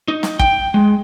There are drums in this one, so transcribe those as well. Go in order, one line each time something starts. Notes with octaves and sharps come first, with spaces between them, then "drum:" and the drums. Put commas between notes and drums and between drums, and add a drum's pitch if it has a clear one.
D#4
drum: snare
G5, drum: kick
G#3